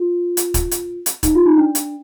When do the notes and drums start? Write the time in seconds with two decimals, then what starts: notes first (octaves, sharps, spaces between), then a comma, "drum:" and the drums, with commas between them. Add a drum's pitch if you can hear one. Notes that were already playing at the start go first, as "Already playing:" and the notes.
Already playing: F4
0.37 drum: hi-hat
0.54 drum: kick, hi-hat
0.71 drum: hi-hat
1.06 drum: hi-hat
1.23 D#4, drum: kick, hi-hat
1.35 F4
1.46 D#4
1.57 D4
1.75 drum: hi-hat